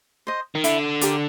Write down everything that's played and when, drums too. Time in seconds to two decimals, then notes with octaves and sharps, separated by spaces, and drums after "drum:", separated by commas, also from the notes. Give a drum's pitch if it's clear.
0.27 C5 D#5
0.55 D#3
0.64 D3 E4, drum: hi-hat
1.01 G4 A#4 D5, drum: hi-hat